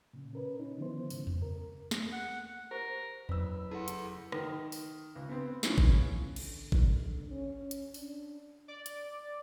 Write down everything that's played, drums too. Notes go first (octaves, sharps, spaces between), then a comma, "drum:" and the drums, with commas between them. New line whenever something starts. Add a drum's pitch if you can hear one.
A#2 C#3
C#4 A#4 B4
C#4 D#4
D3 D#3 F3 B3 E4 C5
G#2 C#3, drum: open hi-hat
drum: tom E2
A#4
drum: snare
F#5
G4 A#4 C5
F#1 B4 E6, drum: tom E2
E4 G#4 A4 F#5 A5
drum: hi-hat
D#3, drum: rim click
drum: open hi-hat
C#2
B3 C4
E3 F3 B3 C#4 F4, drum: snare
drum: kick G#1
D3, drum: cymbal
drum: kick G#1
C#4
drum: hi-hat
D4, drum: open hi-hat
D5
drum: hi-hat